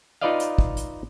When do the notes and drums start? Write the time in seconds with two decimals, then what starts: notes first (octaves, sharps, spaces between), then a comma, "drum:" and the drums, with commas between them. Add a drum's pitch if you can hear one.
0.21 D#4 F4 B4 D5 D#5 F5
0.40 drum: hi-hat
0.58 drum: kick
0.77 drum: hi-hat